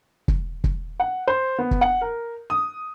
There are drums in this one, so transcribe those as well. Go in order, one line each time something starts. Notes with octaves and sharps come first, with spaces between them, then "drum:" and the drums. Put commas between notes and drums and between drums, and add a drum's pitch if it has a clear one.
drum: kick
drum: kick
F#5
C5
B3
drum: kick
F#5
A#4
D#6